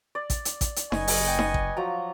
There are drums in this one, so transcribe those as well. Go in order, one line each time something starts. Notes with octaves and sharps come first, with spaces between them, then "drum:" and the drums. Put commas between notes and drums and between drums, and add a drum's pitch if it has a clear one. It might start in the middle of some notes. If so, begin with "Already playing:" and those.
D5
drum: kick A1, hi-hat
drum: hi-hat
drum: kick A1, hi-hat
drum: hi-hat
F#1 B4 D#5 G#5 C#6, drum: snare D#4
drum: open hi-hat
G5
drum: snare D#4
drum: kick A1
F3 F#3 A#5